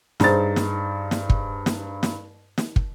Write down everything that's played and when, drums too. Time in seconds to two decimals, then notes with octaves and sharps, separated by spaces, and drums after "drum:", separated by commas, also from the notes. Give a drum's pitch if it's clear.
0.20 G2 D#4 G#4 C5 A6, drum: snare
0.56 drum: snare
1.11 drum: snare
1.30 drum: kick
1.66 drum: snare
2.03 drum: snare
2.58 drum: snare
2.76 drum: kick